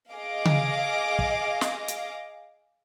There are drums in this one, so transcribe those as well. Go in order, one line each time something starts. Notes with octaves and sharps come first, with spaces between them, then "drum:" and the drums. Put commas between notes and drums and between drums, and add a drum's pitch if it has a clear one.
G#4 D#5 F5 D6
drum: tom C#3
drum: kick
drum: snare
drum: hi-hat